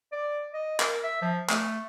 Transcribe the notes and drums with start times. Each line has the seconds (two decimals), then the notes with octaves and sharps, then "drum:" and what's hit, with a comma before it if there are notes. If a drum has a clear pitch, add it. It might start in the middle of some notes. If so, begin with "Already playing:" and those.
0.12 D5
0.54 D#5
0.80 A#4, drum: clap
1.03 E5
1.22 F3
1.49 A3, drum: clap